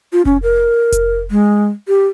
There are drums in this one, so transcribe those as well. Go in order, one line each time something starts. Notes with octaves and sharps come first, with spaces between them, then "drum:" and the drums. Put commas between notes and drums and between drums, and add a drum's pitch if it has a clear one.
F4
C#4, drum: kick F1
A#4
drum: kick F1, hi-hat
G#3
G4